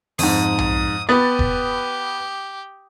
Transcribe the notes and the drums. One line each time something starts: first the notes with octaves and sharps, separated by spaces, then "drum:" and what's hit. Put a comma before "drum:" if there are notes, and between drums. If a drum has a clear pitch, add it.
F2 G#2 D#6, drum: open hi-hat
drum: tom B1
B3 G4 B4 D#6 A6
drum: kick E1